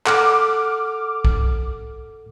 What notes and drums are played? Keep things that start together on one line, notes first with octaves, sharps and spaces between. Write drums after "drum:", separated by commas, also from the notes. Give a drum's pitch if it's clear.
A4 F#5 D6 F6 F#6, drum: clap
drum: kick